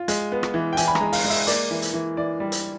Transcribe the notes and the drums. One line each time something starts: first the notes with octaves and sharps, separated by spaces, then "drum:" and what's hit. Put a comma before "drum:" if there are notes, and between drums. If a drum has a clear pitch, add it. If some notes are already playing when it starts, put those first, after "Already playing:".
Already playing: F4
G#3, drum: hi-hat
B3
drum: rim click
E3
G5
E3 G#5, drum: hi-hat
B5
A#5, drum: rim click
G#3
F5, drum: open hi-hat
G#3
E5, drum: open hi-hat
A#3 D5, drum: hi-hat
E3
drum: hi-hat
E3
E3 D5
G3
drum: hi-hat